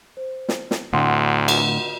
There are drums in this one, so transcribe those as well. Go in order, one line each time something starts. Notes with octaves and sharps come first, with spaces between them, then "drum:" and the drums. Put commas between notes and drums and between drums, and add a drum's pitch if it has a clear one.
C5
drum: snare
drum: snare
D2 A2 D3 F#5 G5 C6
drum: cymbal